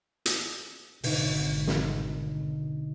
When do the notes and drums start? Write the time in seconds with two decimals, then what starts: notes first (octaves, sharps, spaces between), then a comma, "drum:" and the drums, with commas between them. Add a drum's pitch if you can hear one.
0.26 drum: hi-hat
1.04 G#1 B2 D3 D#4, drum: open hi-hat
1.67 drum: snare